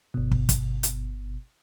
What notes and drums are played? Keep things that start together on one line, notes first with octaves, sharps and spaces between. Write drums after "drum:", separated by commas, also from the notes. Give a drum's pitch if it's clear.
G1 B2
drum: kick
drum: kick, hi-hat
drum: hi-hat